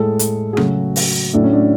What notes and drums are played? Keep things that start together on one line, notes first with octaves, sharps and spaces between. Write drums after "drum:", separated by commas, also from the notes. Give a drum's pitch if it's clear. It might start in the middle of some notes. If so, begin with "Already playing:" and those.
Already playing: A2 G#3 A4
drum: hi-hat
G#4
C#3 F#3 A3 F#4, drum: rim click
drum: open hi-hat
A2 F#3 A3 D4
C#4
D4